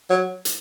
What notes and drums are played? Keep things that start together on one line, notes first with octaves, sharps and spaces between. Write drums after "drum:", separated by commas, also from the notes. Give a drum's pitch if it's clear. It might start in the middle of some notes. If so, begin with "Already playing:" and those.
F#3
drum: hi-hat